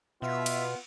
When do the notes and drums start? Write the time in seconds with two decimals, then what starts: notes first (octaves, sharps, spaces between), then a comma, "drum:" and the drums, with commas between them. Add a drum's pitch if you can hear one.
0.22 B2 B3 F4 E5
0.46 drum: cymbal